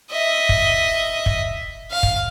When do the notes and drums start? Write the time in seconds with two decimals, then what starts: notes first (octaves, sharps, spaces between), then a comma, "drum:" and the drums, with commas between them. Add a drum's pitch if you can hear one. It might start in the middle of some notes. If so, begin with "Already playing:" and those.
0.11 D#5 E5
0.49 drum: kick
1.26 drum: kick
1.91 F5
2.03 drum: kick